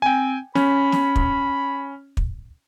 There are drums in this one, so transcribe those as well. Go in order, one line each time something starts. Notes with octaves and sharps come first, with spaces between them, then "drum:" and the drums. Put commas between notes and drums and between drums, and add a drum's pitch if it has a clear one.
C4 G5 G#5
C#4 B5, drum: snare
drum: snare
drum: kick
drum: kick